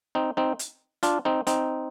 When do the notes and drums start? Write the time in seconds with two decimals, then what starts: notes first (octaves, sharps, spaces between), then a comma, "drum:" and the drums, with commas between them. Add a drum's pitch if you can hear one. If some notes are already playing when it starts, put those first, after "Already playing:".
0.15 C4 D#4
0.37 C4 D#4
0.59 drum: hi-hat
1.03 D4 F4, drum: hi-hat
1.25 C4 D#4
1.47 C4 D#4, drum: hi-hat